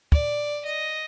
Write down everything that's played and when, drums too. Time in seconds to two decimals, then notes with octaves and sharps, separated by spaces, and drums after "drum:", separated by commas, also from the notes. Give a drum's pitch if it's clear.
0.12 D5, drum: kick
0.66 D#5